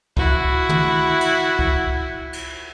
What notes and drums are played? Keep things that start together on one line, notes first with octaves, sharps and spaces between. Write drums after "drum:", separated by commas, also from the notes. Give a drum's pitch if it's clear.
E4 F#4, drum: kick C2
drum: tom
drum: cymbal
drum: kick C2
drum: cymbal